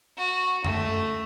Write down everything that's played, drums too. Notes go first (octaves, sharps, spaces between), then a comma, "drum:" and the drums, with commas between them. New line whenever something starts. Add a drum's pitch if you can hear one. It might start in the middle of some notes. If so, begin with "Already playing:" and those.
F#4
A3, drum: tom F#2